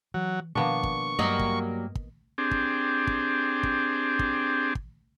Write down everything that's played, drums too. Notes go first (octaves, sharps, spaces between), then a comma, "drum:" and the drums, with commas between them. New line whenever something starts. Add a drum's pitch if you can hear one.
E3 F#3
B2 D#3 F3 A#3 B3 D4 C#6
drum: kick
G2 F#3 G3 A#3 D#5
drum: kick
drum: kick
C4 D4 G4 G#4
drum: kick
drum: kick
drum: kick
drum: kick
drum: kick